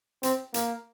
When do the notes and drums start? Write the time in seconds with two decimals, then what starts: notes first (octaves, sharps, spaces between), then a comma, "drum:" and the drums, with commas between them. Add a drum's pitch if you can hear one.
0.23 C4, drum: hi-hat
0.54 A#3, drum: hi-hat